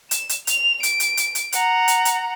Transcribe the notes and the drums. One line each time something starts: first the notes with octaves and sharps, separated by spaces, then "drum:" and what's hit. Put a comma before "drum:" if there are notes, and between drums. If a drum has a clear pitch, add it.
E7, drum: hi-hat
drum: hi-hat
F7, drum: hi-hat
D7, drum: hi-hat
drum: hi-hat
drum: hi-hat
drum: hi-hat
F#5 A#5, drum: hi-hat
drum: hi-hat
drum: hi-hat